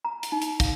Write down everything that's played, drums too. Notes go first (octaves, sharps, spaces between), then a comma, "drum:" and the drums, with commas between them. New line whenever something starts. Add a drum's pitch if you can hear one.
A#5
drum: hi-hat
D#4
drum: hi-hat
F5, drum: kick, hi-hat